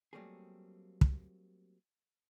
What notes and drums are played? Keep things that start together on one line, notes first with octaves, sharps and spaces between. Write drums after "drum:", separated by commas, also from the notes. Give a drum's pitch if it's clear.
F#3 G3 A3 A#3 C4 G#4
drum: kick